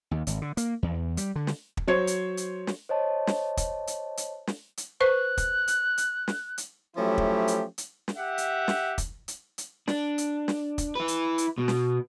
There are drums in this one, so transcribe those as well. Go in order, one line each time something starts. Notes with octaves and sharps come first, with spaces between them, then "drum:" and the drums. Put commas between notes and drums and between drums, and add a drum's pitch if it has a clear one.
D#2
G#1, drum: hi-hat
D3
A#3, drum: hi-hat
E2
G3, drum: hi-hat
D3
drum: snare
drum: kick
F#3 C5 C#5
drum: hi-hat
drum: hi-hat
drum: snare
C5 C#5 D#5 A5
drum: snare
drum: kick, hi-hat
drum: hi-hat
drum: hi-hat
drum: snare
drum: hi-hat
B4 C5 C#6 F#6
drum: kick, hi-hat
drum: hi-hat
drum: hi-hat
drum: snare
drum: hi-hat
F3 F#3 A3 C#4 E4 G4
drum: kick
drum: hi-hat
drum: hi-hat
drum: snare
G4 E5 F#5
drum: hi-hat
drum: snare
drum: kick, hi-hat
drum: hi-hat
drum: hi-hat
D4, drum: snare
drum: hi-hat
drum: snare
drum: kick, hi-hat
E4 B4
drum: hi-hat
drum: hi-hat
B2
drum: snare